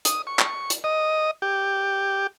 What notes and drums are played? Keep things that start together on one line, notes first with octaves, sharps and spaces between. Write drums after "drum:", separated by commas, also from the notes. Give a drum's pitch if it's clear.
D#6, drum: hi-hat
C#6
drum: clap
drum: hi-hat
D#5
G4